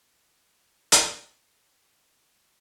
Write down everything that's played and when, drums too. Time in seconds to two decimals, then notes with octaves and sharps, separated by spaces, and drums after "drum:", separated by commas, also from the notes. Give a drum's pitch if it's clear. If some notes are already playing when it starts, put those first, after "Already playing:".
0.02 F1 C2 F2
0.92 drum: hi-hat